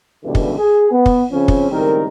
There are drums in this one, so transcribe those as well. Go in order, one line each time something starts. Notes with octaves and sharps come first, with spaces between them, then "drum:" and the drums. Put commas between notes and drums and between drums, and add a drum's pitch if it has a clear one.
C#2 G2 B2 D3 E3 G3
drum: kick
G#4
B3
drum: kick
C#3 F3 C4 C#4
drum: kick
C#2 A2 D#3 G3 C4 A#4